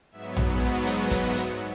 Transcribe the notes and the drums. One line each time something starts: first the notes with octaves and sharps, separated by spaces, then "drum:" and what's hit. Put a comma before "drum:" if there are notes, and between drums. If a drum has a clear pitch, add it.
G#2 F#3 B3 E5
drum: tom A#1
F#5, drum: hi-hat
drum: kick, hi-hat
E5
drum: hi-hat